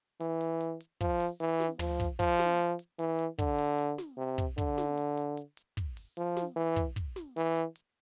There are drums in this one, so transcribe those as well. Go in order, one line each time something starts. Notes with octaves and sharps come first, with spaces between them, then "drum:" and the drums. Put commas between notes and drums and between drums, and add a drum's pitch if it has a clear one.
E3, drum: hi-hat
drum: hi-hat
drum: hi-hat
drum: hi-hat
F3, drum: kick, hi-hat
drum: open hi-hat
E3, drum: hi-hat
drum: snare
F3, drum: tom
drum: kick, hi-hat
F3, drum: kick, hi-hat
drum: snare
drum: hi-hat
drum: hi-hat
E3, drum: hi-hat
drum: hi-hat
D3, drum: kick, hi-hat
drum: open hi-hat
drum: hi-hat
drum: snare
C3
drum: kick, hi-hat
D3, drum: kick, hi-hat
drum: snare
drum: hi-hat
drum: hi-hat
drum: hi-hat
drum: hi-hat
drum: kick, hi-hat
drum: open hi-hat
F3, drum: hi-hat
drum: snare
E3
drum: kick, hi-hat
drum: kick, hi-hat
drum: snare
E3, drum: hi-hat
drum: hi-hat
drum: hi-hat